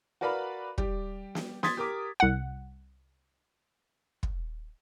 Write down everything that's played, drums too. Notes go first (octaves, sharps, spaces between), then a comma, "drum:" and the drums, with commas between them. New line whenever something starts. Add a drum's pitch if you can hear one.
F#4 A#4 B4 D5 F5 B5
G3 G4, drum: kick
drum: snare
C6 D#6 G#6 A6 B6, drum: snare
G4 A#4 D6
C2 F#5
drum: kick